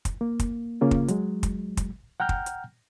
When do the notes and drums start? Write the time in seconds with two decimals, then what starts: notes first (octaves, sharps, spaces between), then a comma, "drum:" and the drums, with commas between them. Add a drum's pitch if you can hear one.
0.05 drum: kick, hi-hat
0.21 A#3
0.40 drum: kick, hi-hat
0.81 C#3 A#3 C#4 F4
0.91 drum: kick
1.08 F#3 G#3, drum: hi-hat
1.43 drum: kick, hi-hat
1.77 drum: kick, hi-hat
2.20 F#5 G5 A#5 F6 G6
2.29 drum: kick
2.46 drum: hi-hat